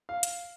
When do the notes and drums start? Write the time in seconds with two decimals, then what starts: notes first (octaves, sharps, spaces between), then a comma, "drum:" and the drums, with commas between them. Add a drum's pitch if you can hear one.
0.09 F5
0.23 drum: hi-hat